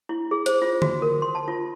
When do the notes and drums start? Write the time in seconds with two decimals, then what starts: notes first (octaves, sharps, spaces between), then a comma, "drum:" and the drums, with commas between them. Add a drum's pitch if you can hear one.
0.09 E4
0.31 G#4
0.46 C5, drum: hi-hat
0.62 F4
0.82 F#4, drum: tom D3
1.02 A#4
1.22 C6
1.35 A5
1.48 F4